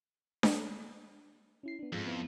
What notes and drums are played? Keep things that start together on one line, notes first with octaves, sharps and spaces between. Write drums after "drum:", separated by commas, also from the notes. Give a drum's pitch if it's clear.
drum: snare D4
C#4 E4 C7
B3 D4
F2 G#2 F4 G#4
B3 E4